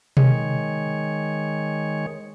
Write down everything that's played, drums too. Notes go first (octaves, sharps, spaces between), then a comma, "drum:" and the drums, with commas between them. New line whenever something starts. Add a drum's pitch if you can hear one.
D#3 G#3 C#5, drum: tom B2